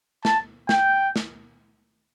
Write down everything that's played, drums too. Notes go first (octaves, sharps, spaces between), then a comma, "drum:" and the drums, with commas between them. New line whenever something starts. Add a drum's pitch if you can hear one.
A5, drum: snare
G5, drum: snare
drum: snare